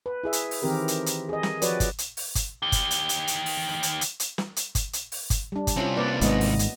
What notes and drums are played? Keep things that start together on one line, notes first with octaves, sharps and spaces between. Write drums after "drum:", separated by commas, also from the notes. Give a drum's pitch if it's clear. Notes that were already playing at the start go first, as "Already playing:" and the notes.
B4
E4 G#4 E5
drum: hi-hat
drum: open hi-hat
D#3 E3 C4 G4 A#4
drum: hi-hat
drum: hi-hat
G#4 D#5
drum: snare
F3 F#4 B4 C#5 D5, drum: hi-hat
drum: kick G1, hi-hat
drum: hi-hat
drum: open hi-hat
drum: kick G1, hi-hat
D#3 G4
drum: kick G1, hi-hat
drum: hi-hat
drum: hi-hat
drum: hi-hat
drum: open hi-hat
drum: hi-hat
drum: hi-hat
drum: hi-hat
drum: snare
drum: hi-hat
drum: kick G1, hi-hat
drum: hi-hat
drum: open hi-hat
drum: kick G1, hi-hat
G3 D4
drum: kick G1, hi-hat
C2 C4 C#4 F4
A#3 B4 D5
G#1 G#2 B3 D#5, drum: hi-hat
drum: open hi-hat
drum: hi-hat